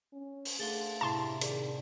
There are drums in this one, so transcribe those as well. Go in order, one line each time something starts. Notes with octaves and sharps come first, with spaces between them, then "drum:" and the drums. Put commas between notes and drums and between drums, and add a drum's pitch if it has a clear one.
C#4
drum: open hi-hat
A3 D4 G#4 F5 F#5 A6 G7
A2 C3 E4 A5 C6
D#3 G#4 D5, drum: hi-hat